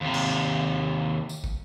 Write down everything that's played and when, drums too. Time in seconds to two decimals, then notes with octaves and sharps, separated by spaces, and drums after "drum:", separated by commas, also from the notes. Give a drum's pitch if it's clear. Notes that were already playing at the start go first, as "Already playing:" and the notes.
0.01 D#2 C3
0.14 drum: cymbal
1.29 drum: tambourine
1.44 drum: kick